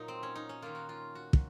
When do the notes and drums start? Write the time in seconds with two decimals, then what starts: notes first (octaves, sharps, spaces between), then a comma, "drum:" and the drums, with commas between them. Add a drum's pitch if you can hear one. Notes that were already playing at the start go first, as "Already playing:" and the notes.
Already playing: A#2 F#3 A#3 D#4
0.08 C4
0.23 C#4
0.35 D#4
0.49 C#4
0.62 D#3 A#3 F4
0.75 F#4
0.89 F4
1.15 F#4
1.33 drum: kick